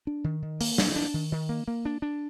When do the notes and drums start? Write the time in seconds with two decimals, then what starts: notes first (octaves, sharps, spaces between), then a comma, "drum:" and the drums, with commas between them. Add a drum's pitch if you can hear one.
0.07 D4
0.24 D#3
0.42 D#3
0.61 A#3, drum: open hi-hat
0.78 D4, drum: snare
0.96 D4
1.14 D#3
1.32 D#3
1.49 A#3
1.68 A#3
1.85 D4
2.02 D4